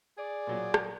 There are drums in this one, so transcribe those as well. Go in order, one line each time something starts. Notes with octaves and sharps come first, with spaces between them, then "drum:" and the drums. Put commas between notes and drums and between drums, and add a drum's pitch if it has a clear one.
G#4 D5
A#2 F#3
drum: rim click